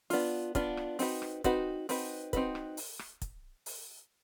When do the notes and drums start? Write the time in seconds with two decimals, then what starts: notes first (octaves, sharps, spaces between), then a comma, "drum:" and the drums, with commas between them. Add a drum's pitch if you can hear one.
0.10 B3 D4 F4, drum: open hi-hat
0.55 B3 D4 F4, drum: kick, hi-hat
0.77 drum: rim click
0.99 C4 D#4 F#4 B4, drum: open hi-hat
1.22 drum: rim click
1.44 C4 D#4 F#4 B4, drum: kick, hi-hat
1.89 C4 D#4 F#4 B4, drum: open hi-hat
2.33 C4 D#4 F#4 B4, drum: kick, hi-hat
2.55 drum: rim click
2.77 drum: open hi-hat
2.99 drum: rim click
3.22 drum: kick, hi-hat
3.66 drum: open hi-hat